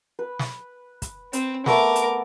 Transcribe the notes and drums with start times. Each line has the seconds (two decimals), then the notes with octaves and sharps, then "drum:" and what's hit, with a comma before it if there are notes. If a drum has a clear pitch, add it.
0.19 B4
0.39 drum: snare
1.02 drum: kick, hi-hat
1.33 C4, drum: hi-hat
1.66 A3 B3 A#4 D6, drum: snare
1.96 drum: hi-hat